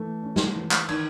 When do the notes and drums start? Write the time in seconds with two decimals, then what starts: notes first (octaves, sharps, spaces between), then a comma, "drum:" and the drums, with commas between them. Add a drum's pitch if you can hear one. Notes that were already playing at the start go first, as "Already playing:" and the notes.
Already playing: E3 A3
0.23 C#4
0.36 drum: snare
0.56 E3
0.71 drum: clap
0.89 D#3 G#6, drum: cymbal